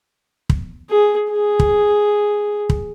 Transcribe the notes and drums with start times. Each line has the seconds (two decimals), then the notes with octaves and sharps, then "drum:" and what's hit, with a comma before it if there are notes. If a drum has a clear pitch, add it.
0.50 drum: kick
0.90 G#4
1.32 G#4
1.60 drum: kick
2.70 drum: kick